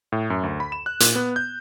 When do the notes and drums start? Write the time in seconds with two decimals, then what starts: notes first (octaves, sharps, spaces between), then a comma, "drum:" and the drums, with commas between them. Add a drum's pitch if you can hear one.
0.12 A2
0.30 F#2
0.43 D2
0.60 B5
0.72 E7
0.86 F#6
1.00 A#2, drum: hi-hat
1.16 B3
1.36 G6